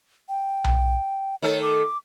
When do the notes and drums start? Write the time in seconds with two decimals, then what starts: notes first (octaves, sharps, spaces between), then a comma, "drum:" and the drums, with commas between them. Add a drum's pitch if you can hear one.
0.29 G5
0.64 drum: tom B1
1.42 D#3 A3 A4 C#5
1.62 D6